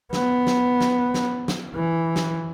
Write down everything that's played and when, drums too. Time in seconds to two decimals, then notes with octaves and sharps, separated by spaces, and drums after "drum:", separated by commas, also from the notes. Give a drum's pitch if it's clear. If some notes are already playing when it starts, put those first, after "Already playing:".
0.13 B3, drum: snare
0.47 drum: snare
0.81 drum: snare
1.14 drum: snare
1.48 drum: snare
1.75 E3
2.16 drum: snare